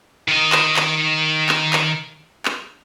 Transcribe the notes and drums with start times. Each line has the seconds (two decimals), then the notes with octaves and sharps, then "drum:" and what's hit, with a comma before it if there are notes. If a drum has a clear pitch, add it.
0.28 D#3 D#5
0.52 drum: clap
0.76 drum: clap
1.49 drum: clap
1.73 drum: clap
2.45 drum: clap